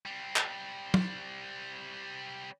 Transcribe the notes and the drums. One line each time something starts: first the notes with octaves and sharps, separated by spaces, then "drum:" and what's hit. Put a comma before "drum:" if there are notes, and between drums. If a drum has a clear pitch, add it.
G3 C4
drum: clap
drum: tom